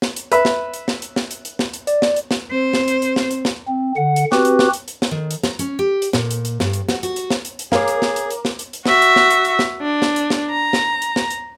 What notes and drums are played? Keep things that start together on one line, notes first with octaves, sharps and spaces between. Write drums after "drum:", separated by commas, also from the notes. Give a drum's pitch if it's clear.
drum: snare
drum: hi-hat
B4 E5 B5, drum: hi-hat
drum: snare
drum: hi-hat
drum: snare
drum: hi-hat
drum: snare
drum: hi-hat
drum: hi-hat
drum: snare
drum: hi-hat
D5, drum: hi-hat
drum: snare
drum: hi-hat
drum: snare
C4 C5
drum: snare
drum: hi-hat
drum: hi-hat
drum: snare
drum: hi-hat
drum: snare
C4
D3 F#5
drum: hi-hat
C4 F#4 G4 B4, drum: snare
drum: hi-hat
drum: snare
drum: hi-hat
drum: hi-hat
drum: snare
D#3
drum: hi-hat
A#5, drum: snare
C#4, drum: hi-hat
G4
drum: hi-hat
A#2, drum: snare
drum: hi-hat
drum: hi-hat
G2, drum: snare
drum: hi-hat
F#4, drum: snare
F#4, drum: hi-hat
drum: hi-hat
drum: snare
drum: hi-hat
drum: hi-hat
G#4 A#4 C#5 F5 D6, drum: snare
drum: hi-hat
drum: snare
drum: hi-hat
drum: hi-hat
drum: snare
drum: hi-hat
drum: hi-hat
F#4 E5, drum: snare
drum: hi-hat
drum: snare
drum: hi-hat
drum: hi-hat
drum: snare
D4
drum: snare
drum: hi-hat
drum: snare
A#5
drum: snare
drum: hi-hat
drum: snare
drum: hi-hat